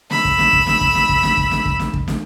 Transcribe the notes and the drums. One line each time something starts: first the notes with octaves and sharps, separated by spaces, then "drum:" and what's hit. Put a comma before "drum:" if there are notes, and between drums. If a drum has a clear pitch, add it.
B5 E6, drum: snare
drum: kick
drum: snare
drum: kick
drum: snare
drum: kick
drum: snare
drum: kick
drum: snare
drum: kick
drum: snare
drum: kick
drum: snare
drum: kick
drum: snare